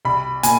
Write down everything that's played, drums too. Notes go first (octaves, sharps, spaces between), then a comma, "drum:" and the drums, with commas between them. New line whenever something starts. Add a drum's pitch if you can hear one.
C2 B5
A#2 G#5, drum: hi-hat